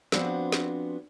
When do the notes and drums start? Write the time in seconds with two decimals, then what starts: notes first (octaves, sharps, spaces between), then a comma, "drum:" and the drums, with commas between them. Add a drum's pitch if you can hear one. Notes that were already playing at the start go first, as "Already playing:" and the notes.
0.12 F3 B3 C4 D4 F#4, drum: snare
0.52 drum: snare